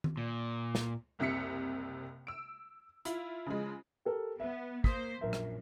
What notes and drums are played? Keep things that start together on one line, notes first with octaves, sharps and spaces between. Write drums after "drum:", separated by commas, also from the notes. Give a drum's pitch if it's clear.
drum: tom D#3
A#2
drum: snare
F#1 C2 C3 E5 B6 C#7
E6 D7
E4 F4, drum: hi-hat
C#3 F3 G#3
G4 A4 A#4
B3 E5
A#3 C5 D#6 B6, drum: kick
A#1 F#2 A#4 E5
drum: rim click